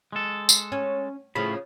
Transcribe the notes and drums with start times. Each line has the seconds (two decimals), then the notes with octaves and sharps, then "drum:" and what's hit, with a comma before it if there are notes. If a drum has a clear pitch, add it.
0.12 G#3 A4
0.49 drum: tambourine
0.72 C#4
1.35 A2 C#3 F3 B5